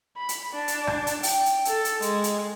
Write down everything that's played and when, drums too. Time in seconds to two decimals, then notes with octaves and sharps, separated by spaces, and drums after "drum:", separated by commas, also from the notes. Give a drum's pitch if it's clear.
0.17 B5
0.29 drum: hi-hat
0.53 D4
0.68 drum: hi-hat
0.87 drum: rim click
1.07 drum: hi-hat
1.23 G5, drum: open hi-hat
1.46 drum: hi-hat
1.65 A4, drum: hi-hat
1.85 drum: hi-hat
2.02 G#3, drum: hi-hat
2.24 drum: hi-hat